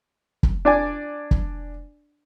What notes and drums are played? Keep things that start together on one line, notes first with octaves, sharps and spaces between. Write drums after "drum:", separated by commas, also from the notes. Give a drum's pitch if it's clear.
drum: kick
D4 D5 G#5
drum: kick